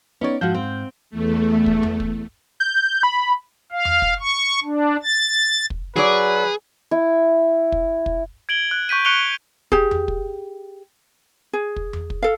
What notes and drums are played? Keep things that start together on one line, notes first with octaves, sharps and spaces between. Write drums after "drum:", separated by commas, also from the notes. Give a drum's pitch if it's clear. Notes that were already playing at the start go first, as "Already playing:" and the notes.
B3 C#4 D#4 C#5 D5
G#2 F3 F#4 F5 G6
C4
E2 A3
drum: kick
drum: tom E2
drum: kick
G6
B5
F5
drum: tom E2
drum: kick
C#6
D4
A6
drum: kick
F#3 G#4 B4 D5
E4
drum: kick
drum: kick
G#6 D7 F#7 G7
F#6
C#6 G6 B6 D#7
C#6 F#6 C#7 D7 F7 G7
G4 G#4, drum: kick
drum: tom E2
drum: kick
G#4
drum: kick
drum: tom E2
drum: kick
A4 F5